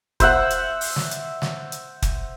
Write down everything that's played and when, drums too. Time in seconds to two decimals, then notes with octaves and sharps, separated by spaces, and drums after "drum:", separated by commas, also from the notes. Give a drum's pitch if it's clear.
0.20 C5 E5 F#5, drum: kick, hi-hat
0.50 drum: hi-hat
0.81 drum: open hi-hat
0.96 drum: snare
1.11 drum: hi-hat
1.42 drum: snare
1.72 drum: hi-hat
2.02 drum: kick, hi-hat